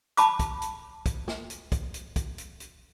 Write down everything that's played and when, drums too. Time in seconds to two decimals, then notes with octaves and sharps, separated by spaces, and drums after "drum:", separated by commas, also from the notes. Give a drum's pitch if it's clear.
0.17 A5 B5 D6, drum: hi-hat
0.39 drum: kick, hi-hat
0.62 drum: hi-hat
1.06 drum: kick, hi-hat
1.28 drum: snare
1.50 drum: hi-hat
1.72 drum: kick, hi-hat
1.94 drum: hi-hat
2.16 drum: kick, hi-hat
2.38 drum: hi-hat
2.60 drum: hi-hat